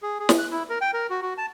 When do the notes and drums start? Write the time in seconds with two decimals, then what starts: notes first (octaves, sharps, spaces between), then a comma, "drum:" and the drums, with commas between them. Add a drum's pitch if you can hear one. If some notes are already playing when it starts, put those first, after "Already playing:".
0.03 G#4
0.20 G#4
0.29 drum: snare
0.39 F#6
0.51 E4
0.70 A#4
0.81 G5
0.93 A#4
1.10 F#4
1.22 F#4
1.38 A5